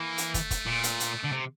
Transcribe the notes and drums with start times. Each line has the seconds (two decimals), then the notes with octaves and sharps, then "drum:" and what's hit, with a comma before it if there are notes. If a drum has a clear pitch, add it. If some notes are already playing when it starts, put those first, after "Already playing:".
Already playing: E3 A#3
0.18 drum: hi-hat
0.34 A3, drum: kick, hi-hat
0.51 drum: kick, hi-hat
0.67 A#2
0.84 drum: hi-hat
1.00 drum: hi-hat
1.24 D3
1.33 C3